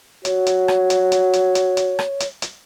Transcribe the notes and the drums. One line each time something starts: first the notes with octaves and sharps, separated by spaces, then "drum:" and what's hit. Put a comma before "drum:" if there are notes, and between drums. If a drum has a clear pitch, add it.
F#4 C#5, drum: hi-hat
drum: hi-hat
drum: rim click
drum: hi-hat
drum: hi-hat
drum: hi-hat
drum: hi-hat
drum: hi-hat
drum: rim click
drum: hi-hat
drum: hi-hat